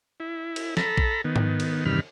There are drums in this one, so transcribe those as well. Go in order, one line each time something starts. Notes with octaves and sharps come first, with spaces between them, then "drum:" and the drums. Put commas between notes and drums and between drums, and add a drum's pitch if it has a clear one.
E4
drum: cymbal
A4 A#5 B5, drum: snare
drum: kick A#1
D#3 B3
drum: tom G#2
drum: cymbal
E2 G2 C3 D#3 B5 F6